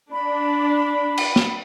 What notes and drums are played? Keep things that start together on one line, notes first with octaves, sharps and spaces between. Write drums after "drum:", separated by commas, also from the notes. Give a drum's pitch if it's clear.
D4 B5
drum: cymbal
drum: snare